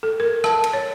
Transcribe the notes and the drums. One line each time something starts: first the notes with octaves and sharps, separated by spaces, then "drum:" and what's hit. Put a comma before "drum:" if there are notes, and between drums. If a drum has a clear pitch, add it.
A4
A#4
A5, drum: rim click
drum: cymbal
C#5